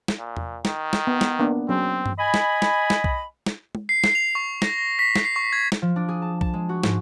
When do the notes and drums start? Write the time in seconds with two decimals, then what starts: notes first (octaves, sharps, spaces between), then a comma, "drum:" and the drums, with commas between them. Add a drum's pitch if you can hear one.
0.08 drum: snare
0.19 A#2
0.37 drum: tom E2
0.65 D#3, drum: snare
0.93 drum: snare
1.07 B3
1.21 drum: snare
1.39 A#3 B3 D4
1.69 F#3 C4 C#4
2.06 drum: tom G2
2.19 D#5 G#5 B5
2.34 drum: snare
2.62 drum: snare
2.90 drum: snare
3.04 drum: kick B1
3.46 drum: snare
3.75 drum: tom
3.89 C7
4.04 C7, drum: snare
4.15 F7
4.35 C#6
4.62 A#6, drum: snare
4.78 A#6
4.99 B6
5.16 drum: snare
5.25 C7
5.36 C#6
5.53 G#6
5.72 drum: snare
5.82 F3
5.96 D4
6.09 G#4
6.22 A5
6.41 A5, drum: kick B1
6.54 G#3
6.69 F#4
6.83 G#2, drum: snare